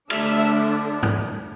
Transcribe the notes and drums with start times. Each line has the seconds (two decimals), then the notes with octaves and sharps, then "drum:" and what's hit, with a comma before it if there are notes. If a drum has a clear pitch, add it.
0.10 D3 A3 D4 E5, drum: cymbal
1.03 drum: tom